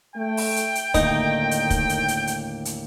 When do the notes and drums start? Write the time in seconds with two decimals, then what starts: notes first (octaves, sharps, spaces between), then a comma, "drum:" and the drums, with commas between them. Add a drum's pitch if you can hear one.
0.16 A3 G5
0.37 drum: open hi-hat
0.56 drum: hi-hat
0.75 drum: hi-hat
0.94 D#2 A2 D3 D#3 D#4, drum: kick, hi-hat
1.51 drum: hi-hat
1.70 drum: kick, hi-hat
1.89 drum: hi-hat
2.08 drum: hi-hat
2.27 drum: hi-hat
2.65 drum: hi-hat